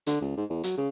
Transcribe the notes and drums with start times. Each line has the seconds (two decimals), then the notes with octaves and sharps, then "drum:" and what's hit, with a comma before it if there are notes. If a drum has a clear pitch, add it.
0.06 D3, drum: hi-hat
0.21 C#2
0.37 G#2
0.50 E2
0.64 F#3, drum: hi-hat
0.77 C#3